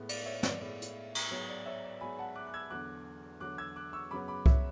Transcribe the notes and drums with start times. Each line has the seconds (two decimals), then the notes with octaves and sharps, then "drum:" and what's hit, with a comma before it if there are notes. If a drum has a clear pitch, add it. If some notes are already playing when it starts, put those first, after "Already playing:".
Already playing: A2 G#3 B3
0.09 D5, drum: cymbal
0.26 C#5 E5
0.43 D5, drum: snare
0.60 A2 G#3 B3 D5
0.82 drum: hi-hat
1.15 drum: cymbal
1.30 G#2 F#3 B3 C#5
1.49 D5
1.66 C#5 E5
1.84 D5
2.01 G#2 F#3 B3 G#5 B5
2.19 F#5 A5
2.35 D6 F#6
2.47 F#6
2.54 E6 G#6
2.70 E2 D3 F#3 D6 F#6
3.40 E2 D3 F#3 D6 F#6
3.58 E6 G#6
3.76 D6 F#6
3.93 C#6 E6
4.11 F#2 C#3 F#3 B3 B5 D6
4.28 B5 D6
4.46 C#5 E5, drum: kick C2